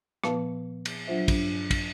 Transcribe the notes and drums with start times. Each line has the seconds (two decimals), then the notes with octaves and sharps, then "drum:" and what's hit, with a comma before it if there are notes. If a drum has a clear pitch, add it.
0.24 A#2 F3 B3 B4 F5 A5, drum: rim click
0.85 drum: cymbal
1.07 F#3 D4 F4 C5 E5
1.28 G2 D4, drum: kick, cymbal
1.71 drum: kick, cymbal